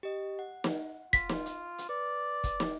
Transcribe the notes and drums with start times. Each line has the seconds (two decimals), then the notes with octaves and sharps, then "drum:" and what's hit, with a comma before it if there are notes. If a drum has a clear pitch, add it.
0.03 G4 D#5
0.39 F#5
0.64 drum: snare
1.13 F4 B6, drum: kick, hi-hat
1.29 drum: snare
1.46 drum: hi-hat
1.78 drum: hi-hat
1.89 B4 D5
2.44 drum: kick, hi-hat
2.60 drum: snare